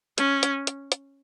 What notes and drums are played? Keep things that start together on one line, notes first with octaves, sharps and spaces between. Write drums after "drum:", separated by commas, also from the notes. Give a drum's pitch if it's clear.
C#4, drum: hi-hat
drum: hi-hat
drum: hi-hat
drum: hi-hat